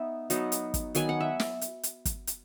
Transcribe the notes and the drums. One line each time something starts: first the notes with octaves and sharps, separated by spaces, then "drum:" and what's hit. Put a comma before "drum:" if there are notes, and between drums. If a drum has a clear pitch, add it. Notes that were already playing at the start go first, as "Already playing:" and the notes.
Already playing: B3 D#4 E5
F#3 B3 D#4, drum: hi-hat
drum: hi-hat
drum: kick, hi-hat
D#3 F#3 B3 G#5, drum: hi-hat
F#5
E5
drum: snare
drum: hi-hat
drum: hi-hat
drum: kick, hi-hat
drum: hi-hat